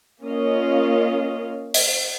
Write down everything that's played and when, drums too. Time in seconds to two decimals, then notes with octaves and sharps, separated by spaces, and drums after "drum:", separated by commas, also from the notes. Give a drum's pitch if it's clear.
0.23 A#3 C#4 F4 D#5 F5
1.74 drum: open hi-hat